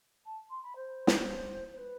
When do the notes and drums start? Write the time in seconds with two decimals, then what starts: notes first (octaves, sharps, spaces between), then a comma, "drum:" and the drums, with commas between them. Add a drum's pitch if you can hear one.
0.25 A5
0.49 C6
0.62 B5
0.75 C5
1.07 drum: snare
1.73 C5
1.77 B4